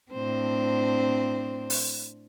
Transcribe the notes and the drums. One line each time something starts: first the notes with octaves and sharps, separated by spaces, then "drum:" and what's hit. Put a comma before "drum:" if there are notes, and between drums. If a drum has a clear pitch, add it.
A2 C4 D4 C5
drum: open hi-hat